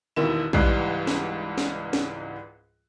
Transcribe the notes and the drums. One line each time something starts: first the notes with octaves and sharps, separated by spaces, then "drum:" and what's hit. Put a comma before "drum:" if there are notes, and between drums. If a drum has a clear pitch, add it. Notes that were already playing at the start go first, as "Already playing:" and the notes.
E1 D#2 B2 D#3 E4 E7
C#2 G#2 E3 G3 F#6 C7, drum: kick
drum: snare
drum: snare
drum: snare